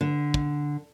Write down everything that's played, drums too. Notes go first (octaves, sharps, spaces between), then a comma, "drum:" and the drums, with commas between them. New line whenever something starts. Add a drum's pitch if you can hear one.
D3
drum: kick